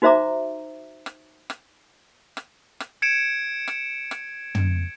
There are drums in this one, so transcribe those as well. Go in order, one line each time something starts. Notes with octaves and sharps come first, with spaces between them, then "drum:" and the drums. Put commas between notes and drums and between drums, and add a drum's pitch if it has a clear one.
D#4 F#4 C5 E5 A#5 D6
drum: rim click
drum: rim click
drum: rim click
drum: rim click
G#6 C#7 D7 E7
drum: rim click
drum: rim click
drum: tom